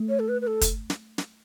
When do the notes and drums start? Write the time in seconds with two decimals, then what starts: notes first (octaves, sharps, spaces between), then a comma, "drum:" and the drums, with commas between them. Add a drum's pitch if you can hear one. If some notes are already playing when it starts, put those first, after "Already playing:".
Already playing: A3
0.09 C#5
0.19 A4
0.29 B4
0.41 B4
0.47 A4
0.61 drum: kick, hi-hat
0.90 drum: snare
1.18 drum: snare